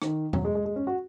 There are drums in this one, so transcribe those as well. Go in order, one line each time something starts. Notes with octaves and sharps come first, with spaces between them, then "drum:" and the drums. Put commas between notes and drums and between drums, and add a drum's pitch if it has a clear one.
D#3, drum: rim click
F#3, drum: tom E2
G#3
G#3
G#3
C#4
F#4